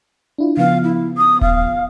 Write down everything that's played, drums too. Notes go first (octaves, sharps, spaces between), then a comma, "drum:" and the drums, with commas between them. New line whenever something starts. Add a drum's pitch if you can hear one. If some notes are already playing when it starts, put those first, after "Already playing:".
D4 E4 F4
C#3 F3 B3 F5
E4
D#6
F5, drum: kick D#1